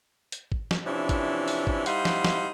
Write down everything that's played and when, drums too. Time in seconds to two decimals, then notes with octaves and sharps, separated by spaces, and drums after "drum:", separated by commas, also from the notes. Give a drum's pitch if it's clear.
0.32 drum: hi-hat
0.52 drum: kick G#1
0.71 drum: snare
0.85 C3 E3 F3 C#4 D4 E4
1.09 drum: kick G#1, hi-hat
1.48 drum: open hi-hat
1.67 drum: kick G#1
1.86 G3 D#4 E4 C5 F5 F#5, drum: hi-hat
2.05 drum: snare
2.24 drum: snare